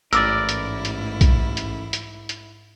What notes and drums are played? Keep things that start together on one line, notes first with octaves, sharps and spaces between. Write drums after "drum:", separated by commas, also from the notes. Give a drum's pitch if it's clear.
A1 G#2 E4 A#4 D5 D6 E6, drum: hi-hat
drum: hi-hat
drum: hi-hat
drum: kick A#1, hi-hat
drum: hi-hat
drum: hi-hat
drum: hi-hat